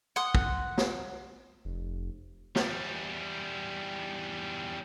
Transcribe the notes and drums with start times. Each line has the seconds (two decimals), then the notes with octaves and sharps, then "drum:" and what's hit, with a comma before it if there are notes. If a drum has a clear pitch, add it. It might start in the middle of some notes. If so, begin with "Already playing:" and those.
0.16 F#5 C6 D#6
0.35 drum: kick
0.78 drum: snare
1.65 F1
2.56 E2 G3, drum: snare